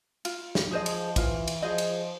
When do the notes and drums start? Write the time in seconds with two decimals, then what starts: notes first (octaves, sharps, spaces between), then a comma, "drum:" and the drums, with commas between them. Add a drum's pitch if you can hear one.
0.25 F4, drum: cymbal
0.55 drum: snare
0.71 F3 G#4 C5 D#5
0.86 drum: cymbal
1.16 E3 F4, drum: kick, cymbal
1.47 drum: cymbal
1.62 F3 G#4 C5 D#5
1.78 drum: cymbal